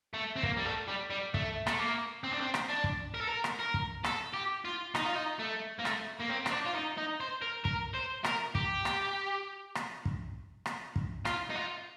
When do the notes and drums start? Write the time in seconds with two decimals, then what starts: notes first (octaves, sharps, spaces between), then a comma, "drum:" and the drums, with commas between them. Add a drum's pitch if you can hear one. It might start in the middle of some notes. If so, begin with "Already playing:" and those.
0.14 A3
0.36 C4
0.43 A#3, drum: kick
0.57 G3
0.65 A3
0.88 G3
1.10 G3
1.34 A3, drum: kick
1.67 A3, drum: rim click
1.79 A#3
2.24 C4
2.32 D4
2.40 C4
2.54 drum: rim click
2.69 D4
2.84 drum: kick
3.15 A#4
3.21 A4
3.29 A#4
3.44 drum: rim click
3.60 A#4
3.74 drum: kick
4.04 A4, drum: rim click
4.34 G4
4.65 F4
4.95 D#4, drum: rim click
5.04 F4
5.16 D#4
5.39 A3
5.80 A#3
5.85 A3, drum: rim click
6.20 A#3
6.30 C4
6.46 C4, drum: rim click
6.52 D4
6.66 F4
6.75 D#4
6.98 D#4
7.20 C5
7.42 A#4
7.65 A#4, drum: kick
7.95 C5
8.24 A#4, drum: rim click
8.55 G4, drum: kick
8.85 drum: rim click
9.75 drum: rim click
10.05 drum: kick
10.66 drum: rim click
10.96 drum: kick
11.25 F4, drum: rim click
11.50 D#4
11.56 F4